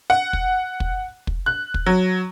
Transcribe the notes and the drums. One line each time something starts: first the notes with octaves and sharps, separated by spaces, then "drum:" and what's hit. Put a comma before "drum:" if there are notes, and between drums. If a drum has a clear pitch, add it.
F#5
drum: kick
drum: kick
drum: kick
F#6
drum: kick
F#3